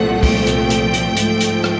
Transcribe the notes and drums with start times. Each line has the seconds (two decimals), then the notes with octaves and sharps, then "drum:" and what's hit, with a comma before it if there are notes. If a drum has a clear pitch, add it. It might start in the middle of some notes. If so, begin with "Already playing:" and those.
Already playing: C2 A#2 F3 A3 F#5
0.23 G5, drum: kick, open hi-hat
0.47 drum: hi-hat
0.70 drum: hi-hat
0.94 drum: hi-hat
1.17 G#2 F3 A3, drum: hi-hat
1.41 drum: hi-hat
1.64 drum: rim click